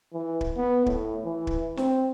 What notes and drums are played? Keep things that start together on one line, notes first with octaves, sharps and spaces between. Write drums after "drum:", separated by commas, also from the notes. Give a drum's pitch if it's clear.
E3
drum: kick
B3
A2, drum: kick
E3
drum: kick
C4, drum: snare